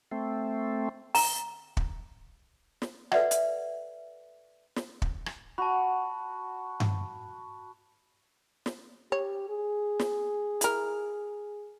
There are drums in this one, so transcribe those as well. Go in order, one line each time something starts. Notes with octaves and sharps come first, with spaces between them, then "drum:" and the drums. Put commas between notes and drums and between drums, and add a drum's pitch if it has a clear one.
A3 C4
A#5, drum: open hi-hat
drum: kick
drum: snare
A4 B4 D5 E5 F#5, drum: rim click
drum: hi-hat
drum: snare
drum: kick
drum: rim click
F#4 A5 B5
drum: tom G2
drum: snare
G4 C#5
G#4
drum: snare
E4 A#4, drum: hi-hat